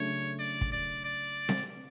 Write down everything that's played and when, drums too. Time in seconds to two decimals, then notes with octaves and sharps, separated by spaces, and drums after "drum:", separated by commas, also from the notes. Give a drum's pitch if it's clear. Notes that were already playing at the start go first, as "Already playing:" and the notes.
Already playing: C#3 F#3 A3 D4 C#5
0.39 D5
0.61 drum: kick
0.72 D5
1.05 D5
1.49 drum: snare C4